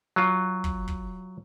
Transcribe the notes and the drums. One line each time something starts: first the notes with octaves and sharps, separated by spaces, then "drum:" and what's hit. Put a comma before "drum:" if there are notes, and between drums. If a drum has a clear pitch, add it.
F#3 F4
drum: kick
drum: kick